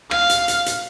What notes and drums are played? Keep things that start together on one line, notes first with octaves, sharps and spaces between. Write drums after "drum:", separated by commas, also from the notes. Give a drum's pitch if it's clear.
F5, drum: rim click
drum: hi-hat
drum: hi-hat
drum: hi-hat